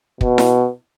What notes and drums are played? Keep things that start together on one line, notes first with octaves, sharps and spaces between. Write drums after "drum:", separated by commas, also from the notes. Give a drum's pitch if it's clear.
B2, drum: kick
drum: snare E4